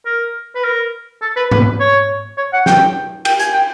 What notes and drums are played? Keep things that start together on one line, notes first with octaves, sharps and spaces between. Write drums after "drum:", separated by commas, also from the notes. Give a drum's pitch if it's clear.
A#4
B4
A#4
A4
B4
B4, drum: tom G#2
C#5
C#5
F#5
G5, drum: snare
G5, drum: cymbal
G#5, drum: hi-hat
G5